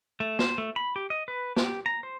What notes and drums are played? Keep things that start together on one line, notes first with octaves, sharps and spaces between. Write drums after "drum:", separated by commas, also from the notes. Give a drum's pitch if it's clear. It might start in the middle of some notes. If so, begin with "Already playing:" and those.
A3
C5, drum: snare
A3
B5
G4
D#5
B4
G4, drum: snare
A#5
C5